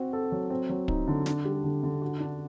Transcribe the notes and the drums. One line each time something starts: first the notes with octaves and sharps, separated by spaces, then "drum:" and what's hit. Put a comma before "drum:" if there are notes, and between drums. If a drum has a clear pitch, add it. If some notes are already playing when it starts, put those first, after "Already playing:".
Already playing: C4 F#4
A4
F#3
C4
F#3
D#4, drum: kick
D3
D4, drum: snare
G3
D3
D3
F#4
D4